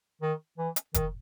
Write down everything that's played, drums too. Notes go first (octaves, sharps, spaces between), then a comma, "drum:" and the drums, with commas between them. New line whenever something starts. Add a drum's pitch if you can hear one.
D#3
E3
drum: hi-hat
D#3, drum: kick F1, hi-hat